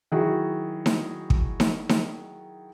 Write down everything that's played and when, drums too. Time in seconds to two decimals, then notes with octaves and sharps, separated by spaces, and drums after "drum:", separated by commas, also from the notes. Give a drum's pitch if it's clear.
0.12 D#3 F#3 E4 F#4 G#4
0.86 drum: snare D#4
1.30 drum: kick
1.60 drum: snare D#4
1.89 drum: snare D#4